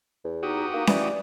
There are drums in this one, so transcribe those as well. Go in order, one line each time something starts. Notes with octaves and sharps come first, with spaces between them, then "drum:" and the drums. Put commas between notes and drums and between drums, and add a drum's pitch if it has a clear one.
E2
D#4 F#4 G4 D#6
A#3 D#4
E3 D5, drum: snare C#4